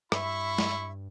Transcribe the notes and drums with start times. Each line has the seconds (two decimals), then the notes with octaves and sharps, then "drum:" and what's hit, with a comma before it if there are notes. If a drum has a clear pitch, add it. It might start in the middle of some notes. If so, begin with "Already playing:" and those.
0.12 G2 E4 E5 B5 C#6, drum: rim click
0.58 drum: snare